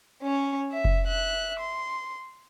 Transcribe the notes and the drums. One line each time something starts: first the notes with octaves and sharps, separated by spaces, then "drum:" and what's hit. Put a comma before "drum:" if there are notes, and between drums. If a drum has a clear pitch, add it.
C#4 C#5
E5
drum: kick F1
E5 F#6
C6